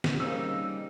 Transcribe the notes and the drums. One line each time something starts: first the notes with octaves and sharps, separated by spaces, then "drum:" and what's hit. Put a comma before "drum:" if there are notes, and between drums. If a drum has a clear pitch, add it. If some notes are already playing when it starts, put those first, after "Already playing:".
drum: snare
C#3 G3 A#3 C4 D#4 E6